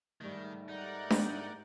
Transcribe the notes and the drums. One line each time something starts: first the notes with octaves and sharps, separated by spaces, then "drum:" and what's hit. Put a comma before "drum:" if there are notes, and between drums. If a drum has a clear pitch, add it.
G#2 D#3 G3 A3
D#4 A#4 D5 F#5
drum: snare D4